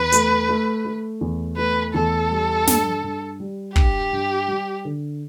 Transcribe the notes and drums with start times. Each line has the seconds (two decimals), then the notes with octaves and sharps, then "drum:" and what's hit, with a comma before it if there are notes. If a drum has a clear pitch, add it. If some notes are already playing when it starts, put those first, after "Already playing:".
Already playing: E2 B4
0.12 A3, drum: hi-hat
0.49 A3
0.85 A3
1.21 E2
1.57 A3 B4
1.94 E2 A4
2.30 G3
2.67 G2, drum: snare
3.04 G2
3.40 G3
3.76 G2 G4, drum: kick
4.13 G2
4.48 G3
4.85 D3